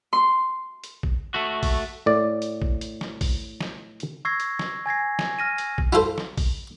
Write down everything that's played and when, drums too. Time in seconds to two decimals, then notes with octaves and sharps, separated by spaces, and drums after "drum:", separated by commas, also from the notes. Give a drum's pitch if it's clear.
0.13 C6
0.84 drum: hi-hat
1.03 drum: kick A#1
1.34 A3 F#4
1.63 drum: kick A#1, open hi-hat
2.06 A2 D5
2.42 drum: hi-hat
2.62 drum: kick A#1
2.81 drum: hi-hat
3.01 drum: snare
3.21 drum: kick A#1, open hi-hat
3.61 drum: snare
4.00 drum: hi-hat
4.25 C#6 E6 G#6 A#6 C7
4.40 drum: hi-hat
4.59 drum: snare
4.86 G#5 G#6 A#6 C7
5.19 drum: snare
5.39 F6 A#6 D#7
5.58 drum: hi-hat
5.78 drum: kick A#1
5.93 E4 F4 A4 C5
6.18 drum: snare
6.37 drum: kick A#1, open hi-hat